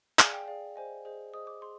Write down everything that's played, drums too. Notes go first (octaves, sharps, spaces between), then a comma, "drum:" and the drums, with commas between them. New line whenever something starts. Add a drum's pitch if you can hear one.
G#4 D5 F5 G#5, drum: clap
G5
G#4 D5 F5
G#4 C5 D#5 G#5
G#4 C5 D#5
G#4 C5 D#5 D#6
D6
G#4 C6